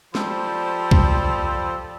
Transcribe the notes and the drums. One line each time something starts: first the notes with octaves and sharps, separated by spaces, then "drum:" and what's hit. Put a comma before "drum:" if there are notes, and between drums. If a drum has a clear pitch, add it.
F3 G4 A4 C5 D5 B5, drum: snare
drum: kick B1